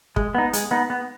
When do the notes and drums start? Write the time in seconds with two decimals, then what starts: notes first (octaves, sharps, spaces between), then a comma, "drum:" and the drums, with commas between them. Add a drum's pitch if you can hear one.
0.16 G#3, drum: kick
0.35 B3 D#4
0.53 G#3, drum: hi-hat
0.71 B3 D#4
0.90 B3